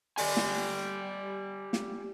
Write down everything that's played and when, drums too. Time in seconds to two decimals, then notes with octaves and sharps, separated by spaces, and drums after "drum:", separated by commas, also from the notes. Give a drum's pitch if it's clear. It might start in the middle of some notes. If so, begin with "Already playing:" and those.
0.18 G4 D5 G#5, drum: open hi-hat
0.37 drum: snare
1.73 drum: snare